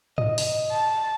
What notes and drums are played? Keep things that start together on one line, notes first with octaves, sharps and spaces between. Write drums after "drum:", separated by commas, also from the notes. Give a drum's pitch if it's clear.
D#5, drum: tom
drum: open hi-hat
A5